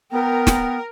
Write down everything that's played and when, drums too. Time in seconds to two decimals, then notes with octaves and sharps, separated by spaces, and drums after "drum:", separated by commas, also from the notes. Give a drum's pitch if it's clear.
0.11 B3 A#4 G5
0.47 drum: snare